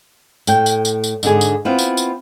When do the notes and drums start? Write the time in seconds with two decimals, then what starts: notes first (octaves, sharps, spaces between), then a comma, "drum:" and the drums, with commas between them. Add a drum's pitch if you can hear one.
0.47 A2 G5, drum: tambourine
0.66 drum: tambourine
0.85 drum: tambourine
1.04 drum: tambourine
1.23 G#2 D3 G#4, drum: tambourine
1.41 drum: tambourine
1.65 B3 C4 E4 F4 B4
1.79 drum: tambourine
1.97 drum: tambourine